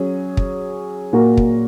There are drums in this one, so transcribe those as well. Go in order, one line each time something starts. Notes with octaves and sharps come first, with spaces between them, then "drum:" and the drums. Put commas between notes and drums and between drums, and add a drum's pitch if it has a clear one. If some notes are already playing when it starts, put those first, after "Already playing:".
Already playing: F#3 C#4 G#4
drum: kick
A#2 A#3 F#4 A#4
drum: kick